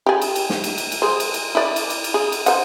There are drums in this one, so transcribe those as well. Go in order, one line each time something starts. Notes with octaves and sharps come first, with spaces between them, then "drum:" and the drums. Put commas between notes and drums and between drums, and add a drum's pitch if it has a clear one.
G4 G#4
drum: cymbal
drum: cymbal
drum: snare
drum: cymbal
drum: cymbal
drum: cymbal
G#4 C5
drum: cymbal
drum: cymbal
E4 D5
drum: cymbal
drum: cymbal
drum: cymbal
G#4
drum: cymbal
C5 F#5, drum: cymbal